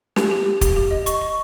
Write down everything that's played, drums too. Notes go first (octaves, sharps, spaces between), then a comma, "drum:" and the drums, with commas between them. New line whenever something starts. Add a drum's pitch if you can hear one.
G4, drum: snare
G4
G4
G4, drum: kick, hi-hat
G4
D#5
C#6, drum: hi-hat
C#6